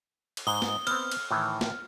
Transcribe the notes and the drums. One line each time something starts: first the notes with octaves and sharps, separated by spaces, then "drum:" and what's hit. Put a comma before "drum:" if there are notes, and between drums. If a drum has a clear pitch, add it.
drum: cymbal
G#2 D#6 G7
drum: snare
B3 C4 F6, drum: cymbal
drum: cymbal
A2 D#3 E3
drum: snare